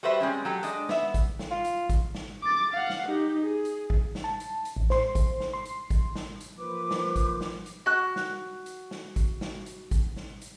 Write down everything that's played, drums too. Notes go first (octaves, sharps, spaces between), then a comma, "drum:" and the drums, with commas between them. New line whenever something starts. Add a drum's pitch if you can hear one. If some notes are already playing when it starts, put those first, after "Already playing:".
G3 F#4 G4 B4 C5 E5
G3 G#3 C4 C#4
F#3 G4 A4
G#3 D4 D5 D#5, drum: hi-hat
B3 E5, drum: snare
drum: kick G#1, hi-hat
drum: snare
F4
drum: hi-hat
drum: kick G#1, hi-hat
drum: snare
D6 A6
F5 F#5
drum: snare
D#4 G4
G#4
drum: hi-hat
drum: kick G#1
drum: snare
A5
drum: hi-hat
drum: hi-hat
A1
C5 C6, drum: snare
drum: kick G#1, hi-hat
drum: snare
C6
drum: hi-hat
drum: kick G#1, hi-hat
drum: snare
drum: hi-hat
F3 A#3 B4 C5 D6
drum: snare
drum: kick G#1, hi-hat
drum: snare
drum: hi-hat
F#4 F#6
drum: snare
drum: hi-hat
drum: snare
drum: kick G#1, hi-hat
drum: snare
drum: hi-hat
drum: kick G#1, hi-hat
drum: snare
drum: hi-hat